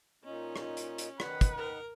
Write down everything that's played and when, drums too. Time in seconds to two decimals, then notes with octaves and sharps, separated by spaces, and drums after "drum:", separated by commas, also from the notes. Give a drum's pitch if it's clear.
0.24 A#2 C#4 D#4
0.56 drum: rim click
0.77 drum: hi-hat
0.98 drum: hi-hat
1.20 D#3 B4 F#5, drum: rim click
1.41 drum: kick, hi-hat
1.57 A#4